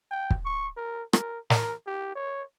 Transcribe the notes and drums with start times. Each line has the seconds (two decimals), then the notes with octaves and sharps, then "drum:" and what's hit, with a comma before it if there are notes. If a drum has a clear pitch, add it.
0.11 G5
0.30 drum: kick
0.46 C#6
0.77 A#4
1.13 A#4, drum: rim click
1.50 A#4, drum: snare
1.87 G4
2.16 C#5